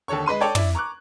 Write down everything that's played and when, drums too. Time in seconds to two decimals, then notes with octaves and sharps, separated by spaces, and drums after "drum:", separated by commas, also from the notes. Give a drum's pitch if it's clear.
0.08 D#2 D3 A4 C#5 C#6
0.26 G#3 B4 C6 D#7
0.40 A4 C#5 D5 G5 A5 G#6
0.55 E4 D5, drum: tom
0.75 A#5 C#6 D6 F#6